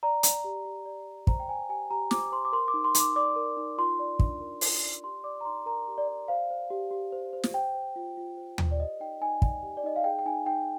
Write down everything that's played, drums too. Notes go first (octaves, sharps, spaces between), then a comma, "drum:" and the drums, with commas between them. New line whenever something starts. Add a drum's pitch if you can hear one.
D5 A#5
D5, drum: hi-hat
G4
G4
D5
D5
C5 A#5, drum: kick
G5
C5 G#5
G4 G#5
G4 A#5
C5 D6, drum: snare
C5 C6
D6
A#4 C6
D6
D#4
C6
D#4, drum: hi-hat
D6
D5 D6
A#4
D#4
F4 C6
D5
D4, drum: kick
A#4
F4, drum: open hi-hat
D5
G4 C6
D5 D6
A#5
D#4 C6
A#4 A#5
G4
D5
D5
C5 F5
C5
G4
G4
C5
C5
drum: snare
C5 G5
C5
F4
F4
C5
C5, drum: tom
D5
G4 D#5
D#4 G5
D#4 G#5
D5, drum: kick
G4
D5
D#4 D#5
F5
G#4 G5
G5
D#4 G#5
D#4 G5